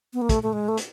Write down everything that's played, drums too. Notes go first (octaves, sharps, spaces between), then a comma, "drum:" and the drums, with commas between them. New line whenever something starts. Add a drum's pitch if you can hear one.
B3
A#3
A3, drum: kick, hi-hat
A3
G#3
A3
drum: hi-hat